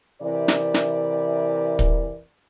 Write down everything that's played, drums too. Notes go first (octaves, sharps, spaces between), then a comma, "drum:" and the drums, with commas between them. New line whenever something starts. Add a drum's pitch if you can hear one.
C3 E3 A#4 D5
drum: snare
drum: snare
drum: kick